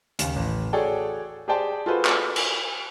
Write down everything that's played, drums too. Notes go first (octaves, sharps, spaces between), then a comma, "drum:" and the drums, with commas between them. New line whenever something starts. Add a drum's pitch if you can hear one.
D#2 C#3, drum: hi-hat
A1
F#4 G#4 A4 C#5 D5 G5
G4 G#4 C5 D5 G5 A5
F4 F#4 G#4 A4 B4 C5
drum: clap
drum: cymbal